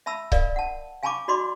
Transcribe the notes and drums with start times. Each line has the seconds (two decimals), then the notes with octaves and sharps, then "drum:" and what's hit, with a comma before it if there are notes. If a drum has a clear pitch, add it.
0.06 E5 A5 B5 E6
0.32 A#4 D5 D#5 F5, drum: kick C#1
0.56 F#5 A5
1.03 F5 G#5 A5 B5 C#6 D6
1.28 F#4 D5 D#5 B5 C6 D6